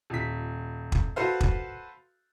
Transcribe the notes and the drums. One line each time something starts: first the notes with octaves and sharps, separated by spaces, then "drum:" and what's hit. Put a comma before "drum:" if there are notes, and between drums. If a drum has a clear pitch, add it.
D#1 B6
drum: kick
F#4 A4 B4 C5 F5
drum: kick